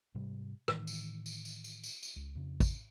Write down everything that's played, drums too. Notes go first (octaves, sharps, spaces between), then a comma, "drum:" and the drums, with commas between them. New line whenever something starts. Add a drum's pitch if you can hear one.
G#2 C3 G3
A2 D#3 E3, drum: rim click
drum: tambourine
drum: tambourine
drum: tambourine
drum: tambourine
drum: tambourine
drum: tambourine
C#2
F2 C#3
drum: kick, tambourine